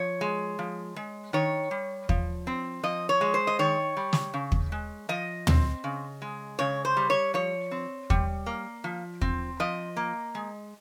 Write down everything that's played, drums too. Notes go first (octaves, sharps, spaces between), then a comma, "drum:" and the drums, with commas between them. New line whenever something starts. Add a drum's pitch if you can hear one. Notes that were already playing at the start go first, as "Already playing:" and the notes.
Already playing: F3 C#5
G#3
F3
G#3
D#3 C#5
G3
F3, drum: kick
C4
F3 D#5
C#5
G#3
C5
D#5
D#3 C#5
G3
drum: snare
C#3
drum: kick
G#3
F3 D#5
C4, drum: tom
C#3
G#3
C#3 C#5
C5
G3
C#5
F3 C#5
C4
G3, drum: kick
A#3
F3
C4, drum: kick
F3 D#5
A#3
G#3